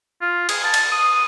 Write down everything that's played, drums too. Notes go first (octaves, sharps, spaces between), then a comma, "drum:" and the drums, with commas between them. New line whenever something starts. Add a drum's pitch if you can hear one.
F4
G#4, drum: cymbal
A5
drum: cymbal
D#6